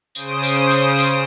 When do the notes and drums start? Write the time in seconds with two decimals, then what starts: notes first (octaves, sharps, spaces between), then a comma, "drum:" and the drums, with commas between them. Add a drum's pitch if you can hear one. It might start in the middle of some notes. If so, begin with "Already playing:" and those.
0.15 C#3 C5 D#6 D7, drum: tambourine
0.43 drum: tambourine
0.71 drum: tambourine
0.99 drum: tambourine